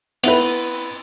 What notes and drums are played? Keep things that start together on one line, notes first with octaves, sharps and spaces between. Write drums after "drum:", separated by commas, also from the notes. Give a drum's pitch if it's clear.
B3 E4 B4, drum: cymbal